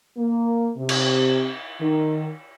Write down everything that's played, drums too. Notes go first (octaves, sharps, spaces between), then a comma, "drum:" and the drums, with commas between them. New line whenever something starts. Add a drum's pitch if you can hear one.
A#3
C3
drum: cymbal
D#3